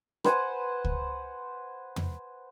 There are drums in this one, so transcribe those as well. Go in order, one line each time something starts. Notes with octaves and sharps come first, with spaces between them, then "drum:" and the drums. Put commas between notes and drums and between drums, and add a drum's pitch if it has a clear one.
B4 C5 F#5 G#5, drum: rim click
drum: kick C#2
drum: tom